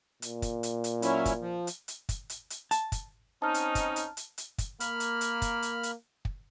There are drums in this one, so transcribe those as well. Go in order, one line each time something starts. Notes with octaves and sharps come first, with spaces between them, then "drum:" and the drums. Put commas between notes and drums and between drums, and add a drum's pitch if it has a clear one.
A#2, drum: hi-hat
drum: kick, hi-hat
drum: hi-hat
drum: hi-hat
F#3 C#4 E4, drum: hi-hat
drum: kick, hi-hat
F3
drum: hi-hat
drum: hi-hat
drum: kick, hi-hat
drum: hi-hat
drum: hi-hat
A5, drum: hi-hat
drum: kick, hi-hat
C4 C#4 D#4 A5 F6
drum: hi-hat
drum: kick, hi-hat
drum: hi-hat
drum: hi-hat
drum: hi-hat
drum: kick, hi-hat
A#3 B5 F6, drum: hi-hat
drum: hi-hat
drum: hi-hat
drum: kick, hi-hat
drum: hi-hat
drum: hi-hat
drum: kick